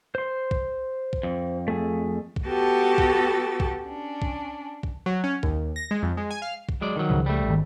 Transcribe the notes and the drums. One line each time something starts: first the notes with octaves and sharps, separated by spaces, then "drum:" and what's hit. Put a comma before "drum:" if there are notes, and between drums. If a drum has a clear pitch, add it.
C5 C6
drum: kick
drum: kick
F2
A3 G#4
drum: kick
B3 F#4 G4 A4 A5 A6
drum: kick
drum: kick
C#4 D4
drum: kick
drum: kick
F#3
C#4
D#2, drum: kick
A#6
G#3
F2
G#3
G#5
F5
drum: kick
F#3 G#3 D5
D#3 F#3
C#2 C#3 F3
G3 A3
G#1